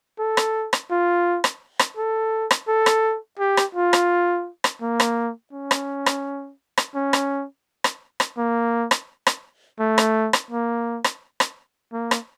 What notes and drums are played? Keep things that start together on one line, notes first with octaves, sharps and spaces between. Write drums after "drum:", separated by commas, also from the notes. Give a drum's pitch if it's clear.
A4
drum: rim click
drum: rim click
F4
drum: rim click
drum: rim click
A4
drum: rim click
A4
drum: rim click
G4
drum: rim click
F4
drum: rim click
drum: rim click
A#3
drum: rim click
C#4
drum: rim click
drum: rim click
drum: rim click
C#4
drum: rim click
drum: rim click
drum: rim click
A#3
drum: rim click
drum: rim click
A3
drum: rim click
drum: rim click
A#3
drum: rim click
drum: rim click
A#3
drum: rim click